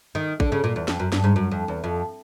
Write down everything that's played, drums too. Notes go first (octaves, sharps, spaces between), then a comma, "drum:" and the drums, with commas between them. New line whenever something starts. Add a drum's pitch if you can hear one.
D#3
D3, drum: kick A1
C#3
A#2
E2
F2, drum: snare
F#2
G2, drum: snare
G#2
F#2
F2
E2
F2